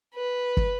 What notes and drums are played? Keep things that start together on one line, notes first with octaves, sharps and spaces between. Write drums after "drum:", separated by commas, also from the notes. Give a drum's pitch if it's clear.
B4
drum: kick